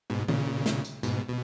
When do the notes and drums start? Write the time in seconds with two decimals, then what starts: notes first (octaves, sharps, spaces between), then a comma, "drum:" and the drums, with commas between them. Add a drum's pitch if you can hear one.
0.10 G#2 B2
0.28 A#2 C#3, drum: tom D#3
0.66 drum: snare
0.85 drum: tambourine
1.03 G#2 B2, drum: tambourine
1.28 B2